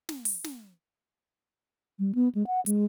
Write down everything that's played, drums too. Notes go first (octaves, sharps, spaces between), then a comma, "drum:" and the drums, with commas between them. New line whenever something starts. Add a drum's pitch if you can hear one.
drum: snare
drum: open hi-hat
drum: snare
G3
B3
G#3
F#5
G#3, drum: hi-hat